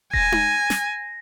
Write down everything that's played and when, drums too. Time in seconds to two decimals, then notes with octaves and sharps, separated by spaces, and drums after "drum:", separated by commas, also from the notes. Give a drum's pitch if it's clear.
0.14 G#5 A#6, drum: kick D#1
0.32 drum: tom D#4
0.70 drum: snare